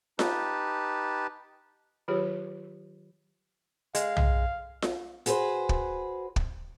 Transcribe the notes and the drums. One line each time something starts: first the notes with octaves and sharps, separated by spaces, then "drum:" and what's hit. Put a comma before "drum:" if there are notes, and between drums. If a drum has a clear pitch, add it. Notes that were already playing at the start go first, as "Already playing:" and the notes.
D#4 G4 B4 A5, drum: snare F4
D#3 F#3 F4 G4 G#4 C#5
G#3 F5, drum: hi-hat
drum: tom
drum: snare F4
F#4 G#4 B4 C5, drum: hi-hat
drum: kick
drum: kick